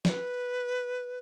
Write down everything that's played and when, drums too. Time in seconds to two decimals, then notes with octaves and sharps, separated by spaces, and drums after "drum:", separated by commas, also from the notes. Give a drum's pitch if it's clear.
0.05 D5, drum: snare
0.09 B4